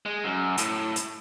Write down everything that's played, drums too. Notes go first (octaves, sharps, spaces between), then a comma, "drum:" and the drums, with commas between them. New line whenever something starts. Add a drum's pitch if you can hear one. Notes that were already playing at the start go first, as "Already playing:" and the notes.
G#3
F#2
A2, drum: hi-hat
drum: hi-hat